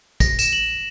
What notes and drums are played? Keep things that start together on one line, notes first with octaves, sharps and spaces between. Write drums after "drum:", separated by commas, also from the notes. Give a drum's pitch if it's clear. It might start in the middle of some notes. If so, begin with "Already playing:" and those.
A#6, drum: kick, tambourine
E7, drum: tambourine
F#7